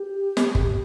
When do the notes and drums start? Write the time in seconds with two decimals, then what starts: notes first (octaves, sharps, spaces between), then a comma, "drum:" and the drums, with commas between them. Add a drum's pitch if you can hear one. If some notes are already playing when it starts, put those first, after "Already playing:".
Already playing: G4
0.37 drum: snare
0.55 drum: kick